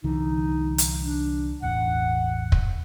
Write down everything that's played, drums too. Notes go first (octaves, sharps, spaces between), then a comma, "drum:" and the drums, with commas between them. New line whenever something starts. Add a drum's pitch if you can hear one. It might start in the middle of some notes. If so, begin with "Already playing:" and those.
C2 D3 E3 D#4
drum: hi-hat
D4
E1 A1 F#5
drum: kick